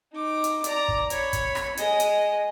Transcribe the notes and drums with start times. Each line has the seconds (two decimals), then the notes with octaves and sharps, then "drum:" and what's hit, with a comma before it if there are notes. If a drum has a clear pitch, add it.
0.13 D#4 D6
0.44 drum: hi-hat
0.64 D5 A#5, drum: hi-hat
0.88 drum: kick
1.10 C#5 B5, drum: hi-hat
1.33 drum: kick, hi-hat
1.55 drum: rim click
1.77 G#3 D#5, drum: hi-hat
2.00 drum: hi-hat